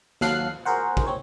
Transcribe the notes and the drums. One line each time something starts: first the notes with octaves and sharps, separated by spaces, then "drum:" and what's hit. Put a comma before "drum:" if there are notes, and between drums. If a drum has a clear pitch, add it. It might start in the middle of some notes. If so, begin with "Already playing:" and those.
D#2 F#3 A4 F5 F#6 C7, drum: snare
F#4 G#4 A#4 C5 F#5
drum: kick
C4 C#5